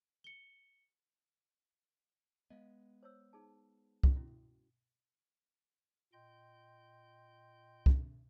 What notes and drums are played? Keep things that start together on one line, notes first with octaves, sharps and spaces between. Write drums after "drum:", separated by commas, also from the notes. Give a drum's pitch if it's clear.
C#7 G7
G#3 B3 D#5 F5
C5 C#5 E6
D#4 G#4 A5
drum: kick
C#4 E4 F#4
A#2 D#5 G5 C6 G6
drum: kick